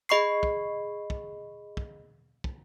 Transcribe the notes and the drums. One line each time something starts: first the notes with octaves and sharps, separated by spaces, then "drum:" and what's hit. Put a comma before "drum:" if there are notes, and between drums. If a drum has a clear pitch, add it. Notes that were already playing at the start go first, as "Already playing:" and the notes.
G#4 D#5 B5 C#6 C7
drum: kick
drum: kick
drum: kick
drum: kick